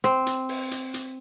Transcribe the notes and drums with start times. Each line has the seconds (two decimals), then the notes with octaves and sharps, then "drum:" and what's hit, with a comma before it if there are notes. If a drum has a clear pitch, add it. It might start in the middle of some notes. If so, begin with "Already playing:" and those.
0.04 C4, drum: rim click
0.26 drum: hi-hat
0.49 drum: open hi-hat
0.71 drum: hi-hat
0.94 drum: hi-hat